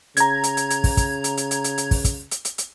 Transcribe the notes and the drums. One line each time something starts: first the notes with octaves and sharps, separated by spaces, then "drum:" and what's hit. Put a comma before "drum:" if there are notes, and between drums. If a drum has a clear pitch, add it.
C#3 A#5 G#6, drum: hi-hat
drum: hi-hat
drum: hi-hat
drum: hi-hat
drum: kick, open hi-hat
drum: kick, hi-hat
drum: hi-hat
drum: hi-hat
drum: hi-hat
drum: hi-hat
drum: hi-hat
drum: kick, open hi-hat
drum: kick, hi-hat
drum: hi-hat
drum: hi-hat
drum: hi-hat